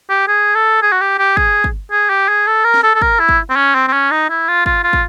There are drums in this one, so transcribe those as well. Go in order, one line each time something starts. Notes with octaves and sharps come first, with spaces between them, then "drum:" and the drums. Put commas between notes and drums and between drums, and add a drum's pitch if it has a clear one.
G4
G#4
A4
G#4
F#4
G4
G4
G#4, drum: kick
drum: kick
G#4
G4
G#4
A4
A#4
drum: snare
A4
A4
A#4, drum: kick
E4
drum: kick
C4
C#4
C4
C4
C#4
D#4
E4
F4
F4, drum: kick
F4
drum: kick